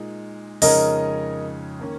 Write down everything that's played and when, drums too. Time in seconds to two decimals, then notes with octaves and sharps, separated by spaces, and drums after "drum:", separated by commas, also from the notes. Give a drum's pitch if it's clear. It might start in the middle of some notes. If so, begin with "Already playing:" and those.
Already playing: A#2 G#3 D#4
0.62 F2 C#3 G#3 D#4 A#4 C#5 D#5, drum: open hi-hat
1.79 D#3 A#3 C#4